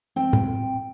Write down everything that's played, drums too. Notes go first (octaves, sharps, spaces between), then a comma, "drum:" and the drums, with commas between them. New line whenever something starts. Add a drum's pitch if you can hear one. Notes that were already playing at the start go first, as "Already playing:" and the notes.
C4 G5
drum: tom